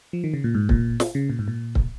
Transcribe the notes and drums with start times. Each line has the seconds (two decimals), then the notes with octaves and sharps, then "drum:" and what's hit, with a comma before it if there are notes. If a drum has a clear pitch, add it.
0.13 F3
0.24 D#3
0.34 C#3
0.44 A#2
0.55 G#2
0.69 A#2, drum: kick C#1
1.00 drum: snare
1.15 C#3
1.30 A#2
1.39 G#2
1.48 A#2
1.75 drum: kick C#1